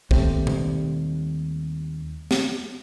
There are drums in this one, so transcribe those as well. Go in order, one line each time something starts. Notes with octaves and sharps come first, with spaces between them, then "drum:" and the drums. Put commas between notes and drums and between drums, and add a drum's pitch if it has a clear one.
D#2 G3 A3 C4, drum: kick
drum: tom B2
drum: snare